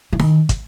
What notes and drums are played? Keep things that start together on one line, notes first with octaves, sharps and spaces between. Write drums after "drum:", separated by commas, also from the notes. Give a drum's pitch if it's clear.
E3
D#3, drum: snare D#4
drum: kick, hi-hat